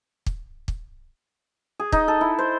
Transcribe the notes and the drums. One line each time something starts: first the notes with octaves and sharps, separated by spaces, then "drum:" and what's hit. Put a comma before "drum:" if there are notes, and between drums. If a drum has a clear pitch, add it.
drum: kick
drum: kick
G#4
D#4, drum: kick
A4
E4
C5